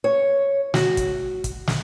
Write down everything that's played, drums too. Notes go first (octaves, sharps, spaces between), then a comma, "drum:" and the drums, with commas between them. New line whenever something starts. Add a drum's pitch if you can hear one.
C#5
F#4, drum: snare
drum: kick, hi-hat
drum: kick, hi-hat
drum: snare